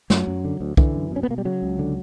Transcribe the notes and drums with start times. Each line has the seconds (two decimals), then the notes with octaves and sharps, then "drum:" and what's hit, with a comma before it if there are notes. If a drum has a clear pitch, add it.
0.10 F#2 F#3, drum: snare
0.27 F#2
0.45 D3
0.61 D2
0.77 D3 E3, drum: kick
0.95 F#2
1.11 B2 C#4
1.23 B3
1.28 B2 A#3
1.38 G3
1.45 C#3 F#3
1.62 C#2
1.79 D3